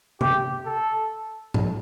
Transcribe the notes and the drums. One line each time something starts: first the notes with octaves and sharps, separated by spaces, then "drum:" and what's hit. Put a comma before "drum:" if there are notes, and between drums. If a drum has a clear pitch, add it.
G4, drum: tom
A4
drum: tom A2